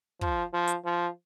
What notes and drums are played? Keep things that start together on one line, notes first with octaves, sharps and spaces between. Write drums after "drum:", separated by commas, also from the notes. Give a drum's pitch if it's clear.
F3, drum: kick
F3
drum: hi-hat
F3